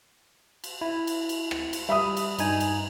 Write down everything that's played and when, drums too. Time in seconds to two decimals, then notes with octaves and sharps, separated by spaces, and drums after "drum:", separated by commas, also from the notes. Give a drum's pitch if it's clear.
0.64 drum: cymbal
0.81 E4
1.07 drum: cymbal
1.29 drum: cymbal
1.51 drum: rim click
1.73 drum: cymbal
1.89 G3 E5 B5 D#6
2.17 drum: cymbal
2.39 G2 D#4 G#5, drum: cymbal
2.60 drum: cymbal